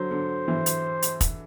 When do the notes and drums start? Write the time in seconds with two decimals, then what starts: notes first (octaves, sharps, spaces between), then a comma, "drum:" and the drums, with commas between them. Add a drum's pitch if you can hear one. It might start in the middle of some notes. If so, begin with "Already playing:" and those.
Already playing: D3 F#3 C5
0.11 D3
0.48 E3
0.66 drum: hi-hat
1.02 drum: hi-hat
1.21 drum: kick, hi-hat